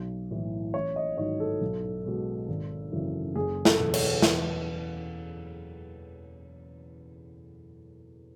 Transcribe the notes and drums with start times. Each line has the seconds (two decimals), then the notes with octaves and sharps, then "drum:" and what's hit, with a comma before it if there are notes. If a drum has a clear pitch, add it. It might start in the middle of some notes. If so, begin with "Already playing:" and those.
Already playing: B1
0.31 A2 E3
0.74 A1 C#5
0.96 D#5
1.17 G#2 D#3 F#3 C#5
1.40 A4
1.61 B1
2.05 B2 G#3
2.48 G#1
2.92 F#2 C#3 E3
3.35 F#1 G#4
3.65 A4, drum: snare
3.79 E2 B2 F#3
3.94 C#5, drum: cymbal
4.22 E2 B4, drum: snare